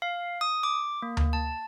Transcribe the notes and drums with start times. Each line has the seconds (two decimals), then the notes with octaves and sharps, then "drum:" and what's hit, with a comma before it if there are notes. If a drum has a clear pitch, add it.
0.02 F5
0.41 D#6
0.63 D6
1.02 A#3
1.17 drum: tom D2
1.33 A5